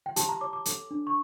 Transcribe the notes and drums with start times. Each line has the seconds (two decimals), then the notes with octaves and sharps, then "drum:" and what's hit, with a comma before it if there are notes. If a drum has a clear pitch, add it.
0.06 G5
0.16 G4 A5, drum: hi-hat
0.29 A#5
0.41 C#5 D6
0.53 D6
0.65 A4, drum: hi-hat
0.91 D4
1.07 C#6